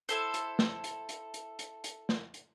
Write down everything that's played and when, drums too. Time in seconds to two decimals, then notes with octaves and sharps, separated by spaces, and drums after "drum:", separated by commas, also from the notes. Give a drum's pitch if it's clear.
0.09 E4 A4 C5, drum: hi-hat
0.34 drum: hi-hat
0.59 drum: snare
0.84 drum: hi-hat
1.09 drum: hi-hat
1.34 drum: hi-hat
1.59 drum: hi-hat
1.84 drum: hi-hat
2.09 drum: snare
2.34 drum: hi-hat